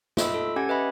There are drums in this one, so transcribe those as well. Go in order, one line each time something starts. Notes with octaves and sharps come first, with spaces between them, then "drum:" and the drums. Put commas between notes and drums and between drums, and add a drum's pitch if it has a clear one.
F4 D#5 E5 B5 E6, drum: snare
A4
C#4 G4 F#5 G#5 G#6
B4 D#5 E5 G#5 B5